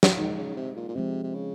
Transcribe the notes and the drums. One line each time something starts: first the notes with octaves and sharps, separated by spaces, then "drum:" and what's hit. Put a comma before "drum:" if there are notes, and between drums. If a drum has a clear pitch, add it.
drum: snare
D#3 G#3 D#4 G#4
C#3
C3
A#2
A#2
C3 F3 G#3 C4
C3
C#3